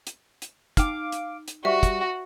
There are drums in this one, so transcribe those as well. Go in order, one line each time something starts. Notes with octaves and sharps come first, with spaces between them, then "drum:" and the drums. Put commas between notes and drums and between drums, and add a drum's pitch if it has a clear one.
drum: hi-hat
drum: hi-hat
D#4 F5 G5 D6, drum: kick, hi-hat
drum: hi-hat
drum: hi-hat
G3 F#4 C5 E5 C#6
drum: kick, hi-hat